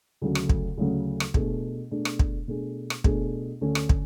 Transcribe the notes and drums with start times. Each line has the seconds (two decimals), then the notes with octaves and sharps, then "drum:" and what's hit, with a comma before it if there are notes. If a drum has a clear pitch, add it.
0.21 D2 C#3 F#3 A3
0.35 drum: rim click
0.49 drum: kick
0.77 D2 C#3 F#3 A3
1.20 drum: rim click
1.34 B2 A3 D4 G#4, drum: kick
1.91 B2 A3 D4 G#4
2.05 drum: rim click
2.19 drum: kick
2.48 B2 A3 D4 G#4
2.90 drum: rim click
3.04 B2 A3 D4 G#4, drum: kick
3.61 D2 D3 A3 C#4
3.75 drum: rim click
3.89 drum: kick